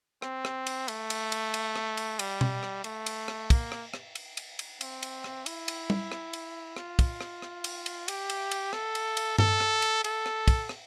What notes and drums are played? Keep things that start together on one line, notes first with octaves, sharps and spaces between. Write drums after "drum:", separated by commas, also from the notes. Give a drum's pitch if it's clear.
C4, drum: rim click
drum: rim click
drum: cymbal
A3, drum: cymbal
drum: cymbal
drum: cymbal
drum: cymbal
drum: rim click
drum: cymbal
G3, drum: cymbal
drum: tom B2
drum: rim click
A3, drum: cymbal
drum: cymbal
drum: rim click
A#3, drum: kick, cymbal
drum: rim click
drum: rim click
drum: cymbal
drum: cymbal
drum: cymbal
C4, drum: cymbal
drum: cymbal
drum: rim click
E4, drum: cymbal
drum: cymbal
drum: tom
drum: rim click
drum: cymbal
F4, drum: rim click
drum: kick, cymbal
drum: rim click
drum: rim click
drum: cymbal
drum: cymbal
G4, drum: cymbal
drum: cymbal
drum: cymbal
A4, drum: rim click
drum: cymbal
drum: cymbal
A4, drum: tom G2
drum: rim click
drum: cymbal
A4, drum: cymbal
drum: rim click
drum: kick, cymbal
drum: rim click